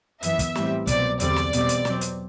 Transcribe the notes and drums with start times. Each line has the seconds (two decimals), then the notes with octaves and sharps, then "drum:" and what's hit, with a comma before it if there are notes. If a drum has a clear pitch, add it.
0.23 F#2 E3 B3 E5, drum: hi-hat
0.39 drum: kick, hi-hat
0.55 A2 E3 G3 C4, drum: snare
0.87 C2 B2 F#3 C4 D5, drum: kick, hi-hat
1.20 E2 D3 G3 C4 D5, drum: hi-hat
1.36 drum: snare
1.53 E2 B2 G3 C4, drum: hi-hat
1.69 drum: hi-hat
1.85 B2 F#3 C4, drum: snare
2.01 drum: hi-hat